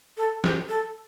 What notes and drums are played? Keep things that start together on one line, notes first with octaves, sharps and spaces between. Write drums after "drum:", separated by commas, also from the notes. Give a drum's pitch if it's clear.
A4
G4, drum: snare
A4